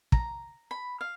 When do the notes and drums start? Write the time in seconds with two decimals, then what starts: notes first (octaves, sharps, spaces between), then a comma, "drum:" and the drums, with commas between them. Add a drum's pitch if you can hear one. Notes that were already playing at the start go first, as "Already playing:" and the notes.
0.12 A#5, drum: kick
0.71 B5
1.01 F5